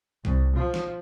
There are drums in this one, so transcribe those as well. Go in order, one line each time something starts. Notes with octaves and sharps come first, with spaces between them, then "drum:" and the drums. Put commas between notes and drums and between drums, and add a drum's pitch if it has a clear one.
C2, drum: kick
F3
drum: snare